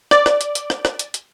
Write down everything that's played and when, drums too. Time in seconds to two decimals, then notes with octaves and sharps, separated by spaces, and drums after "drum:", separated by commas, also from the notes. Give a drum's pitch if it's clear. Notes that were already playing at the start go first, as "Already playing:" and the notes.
0.11 D5, drum: rim click
0.26 drum: rim click
0.41 drum: hi-hat
0.55 drum: hi-hat
0.70 drum: rim click
0.85 drum: rim click
0.99 drum: hi-hat
1.14 drum: hi-hat